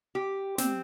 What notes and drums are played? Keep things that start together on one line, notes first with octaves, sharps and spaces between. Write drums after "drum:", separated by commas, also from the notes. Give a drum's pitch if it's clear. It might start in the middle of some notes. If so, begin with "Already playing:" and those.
G4
C4, drum: snare